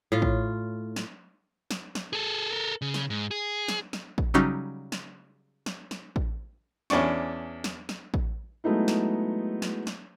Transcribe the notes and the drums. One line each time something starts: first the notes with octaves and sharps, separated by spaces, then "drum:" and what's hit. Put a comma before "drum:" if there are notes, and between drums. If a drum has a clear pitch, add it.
A2 F4
drum: kick A1
drum: snare
drum: snare
drum: snare
G#4 A4
A4 A#4
C#3
drum: snare
G#2
G#4
drum: snare
drum: snare
drum: kick A1
C#3 F#3 G3 C#4 D#4 F#4
drum: snare
drum: snare
drum: snare
drum: kick A1
E2 C#4 D4 D5 C#6, drum: snare
drum: snare
drum: snare
drum: kick A1
F#3 G#3 A3 B3 D#4 E4
drum: snare
drum: snare
drum: snare